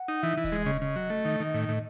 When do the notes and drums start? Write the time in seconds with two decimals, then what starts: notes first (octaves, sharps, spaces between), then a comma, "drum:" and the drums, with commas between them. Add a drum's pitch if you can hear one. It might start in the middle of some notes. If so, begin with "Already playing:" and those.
Already playing: F#5
0.08 D#4
0.23 E3 E5, drum: hi-hat
0.37 E3
0.44 D#5, drum: kick D#1, open hi-hat
0.52 G#3
0.66 C#3 D#5, drum: hi-hat
0.81 C#3
0.96 F#3
1.10 A3, drum: hi-hat
1.25 D#3
1.40 D#3
1.54 A2, drum: hi-hat
1.69 A2